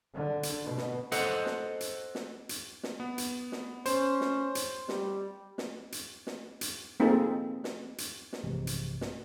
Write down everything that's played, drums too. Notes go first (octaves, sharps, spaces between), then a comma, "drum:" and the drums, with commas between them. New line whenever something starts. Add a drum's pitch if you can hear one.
D3
drum: hi-hat
B2
drum: snare
A4 C5 D#5 F#5, drum: hi-hat
drum: snare
drum: hi-hat
drum: snare
drum: hi-hat
drum: snare
B3
drum: hi-hat
drum: snare
C#4 C5, drum: hi-hat
drum: snare
drum: hi-hat
G3, drum: snare
drum: snare
drum: hi-hat
drum: snare
drum: hi-hat
A#3 C4 D#4 F4 G#4 A4
drum: snare
drum: hi-hat
drum: snare
A#1 G2 C3 E3 G#3
drum: hi-hat
drum: snare